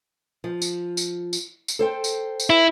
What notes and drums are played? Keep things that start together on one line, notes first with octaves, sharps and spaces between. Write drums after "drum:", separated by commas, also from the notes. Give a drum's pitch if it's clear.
F3
drum: tambourine
drum: tambourine
drum: tambourine
drum: tambourine
A4 C5 G5
drum: tambourine
drum: tambourine
E4